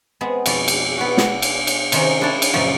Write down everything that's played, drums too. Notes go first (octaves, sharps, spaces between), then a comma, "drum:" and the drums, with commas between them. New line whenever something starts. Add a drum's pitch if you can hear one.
G#3 B3 C4 G#4
F2 B2 D5, drum: cymbal
drum: cymbal
B3 F#4
drum: snare
drum: cymbal
drum: cymbal
C3 D#3 C4 C#4 G#4 A#4, drum: cymbal
D4 E4 A#4 C#5 A5
drum: cymbal
F#2 A#2 C#3 F3